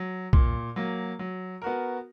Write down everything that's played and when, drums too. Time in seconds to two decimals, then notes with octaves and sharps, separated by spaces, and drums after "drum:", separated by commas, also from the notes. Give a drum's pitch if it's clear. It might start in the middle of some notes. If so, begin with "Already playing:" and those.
Already playing: F#3
0.33 A#2, drum: kick A#1
0.76 F#3 A#3
1.19 F#3
1.62 B3 F#4 A#4